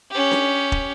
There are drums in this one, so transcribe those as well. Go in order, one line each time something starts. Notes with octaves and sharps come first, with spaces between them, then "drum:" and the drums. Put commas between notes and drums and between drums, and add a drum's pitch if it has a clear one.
C#4 G4
drum: snare D4
drum: kick